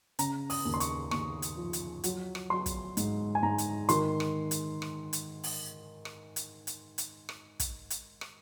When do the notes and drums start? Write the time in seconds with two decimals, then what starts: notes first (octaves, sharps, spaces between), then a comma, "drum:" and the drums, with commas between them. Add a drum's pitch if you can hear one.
0.19 C#3 A#5, drum: hi-hat
0.50 D#6, drum: open hi-hat
0.65 D#2
0.74 C6
0.80 C#6, drum: hi-hat
1.11 D#2 C#6, drum: rim click
1.42 drum: hi-hat
1.57 F3
1.73 drum: hi-hat
2.04 F#3, drum: hi-hat
2.35 drum: rim click
2.50 F#3 C6
2.66 drum: kick, hi-hat
2.97 G#2, drum: hi-hat
3.35 G#5
3.42 G#2 A#5
3.58 drum: hi-hat
3.89 D#3 C6, drum: hi-hat
4.20 drum: rim click
4.51 drum: hi-hat
4.82 drum: rim click
5.13 drum: hi-hat
5.44 drum: open hi-hat
6.05 drum: rim click
6.36 drum: hi-hat
6.67 drum: hi-hat
6.98 drum: hi-hat
7.29 drum: rim click
7.60 drum: kick, hi-hat
7.90 drum: hi-hat
8.21 drum: rim click